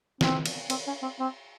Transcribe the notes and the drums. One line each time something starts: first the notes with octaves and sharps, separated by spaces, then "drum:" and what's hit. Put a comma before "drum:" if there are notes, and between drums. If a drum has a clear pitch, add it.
C4, drum: snare
drum: cymbal
C4, drum: cymbal
C#4
C4
C4